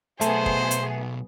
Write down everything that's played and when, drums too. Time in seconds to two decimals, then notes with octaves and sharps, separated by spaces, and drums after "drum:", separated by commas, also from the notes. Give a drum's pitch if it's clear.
0.21 B1 A3 B3 F#4 G#4 C5 A5, drum: hi-hat
0.46 drum: kick
0.71 drum: hi-hat